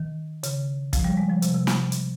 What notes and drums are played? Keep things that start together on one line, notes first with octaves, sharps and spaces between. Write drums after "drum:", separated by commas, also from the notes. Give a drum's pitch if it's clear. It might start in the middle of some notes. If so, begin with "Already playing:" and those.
Already playing: D#3
C#3, drum: hi-hat
F3, drum: kick, hi-hat
G3
G#3
F3
C3, drum: hi-hat
C3
drum: snare
drum: hi-hat